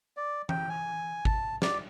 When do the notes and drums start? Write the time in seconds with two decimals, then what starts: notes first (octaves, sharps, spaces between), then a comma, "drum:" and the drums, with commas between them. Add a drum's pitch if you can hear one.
0.17 D5
0.49 G5, drum: tom E3
0.69 G#5
1.25 A5, drum: kick G#1
1.62 D5, drum: snare